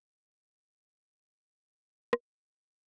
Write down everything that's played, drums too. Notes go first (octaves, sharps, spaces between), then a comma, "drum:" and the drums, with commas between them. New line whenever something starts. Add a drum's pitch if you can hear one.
A3 C4 D#5 C6, drum: rim click